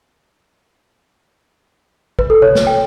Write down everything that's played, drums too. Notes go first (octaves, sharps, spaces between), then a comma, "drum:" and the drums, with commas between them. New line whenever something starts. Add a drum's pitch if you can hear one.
B4, drum: kick
A4
C#5, drum: tom C3
drum: snare
G5